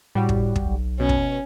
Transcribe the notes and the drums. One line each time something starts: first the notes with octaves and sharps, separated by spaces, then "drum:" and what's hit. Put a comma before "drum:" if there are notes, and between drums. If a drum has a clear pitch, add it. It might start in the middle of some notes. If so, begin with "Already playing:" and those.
A2 G3 F#4 G4
drum: kick
drum: kick
B1
B2 C#4
drum: kick